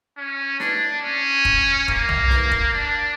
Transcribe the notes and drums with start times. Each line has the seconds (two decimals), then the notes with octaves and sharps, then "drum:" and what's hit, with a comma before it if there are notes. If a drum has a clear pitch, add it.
0.18 C#4
0.60 D4, drum: snare
1.02 C#4
1.45 drum: kick
1.88 A#3, drum: kick
2.09 drum: tom
2.30 drum: snare
2.51 drum: kick
2.73 D4